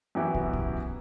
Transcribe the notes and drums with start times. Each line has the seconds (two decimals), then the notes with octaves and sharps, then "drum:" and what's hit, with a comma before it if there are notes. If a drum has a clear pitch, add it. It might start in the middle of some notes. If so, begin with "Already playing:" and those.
0.15 F#2 E3 B3 E4 G4
0.34 drum: kick
0.53 drum: kick